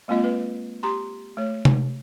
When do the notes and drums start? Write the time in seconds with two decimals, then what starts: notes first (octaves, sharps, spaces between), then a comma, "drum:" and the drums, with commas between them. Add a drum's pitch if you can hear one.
0.08 G#3 A#3 C4 F4 D#5
0.24 B4
0.83 G4 A#5 C6
1.37 A3 C#5
1.65 drum: tom C3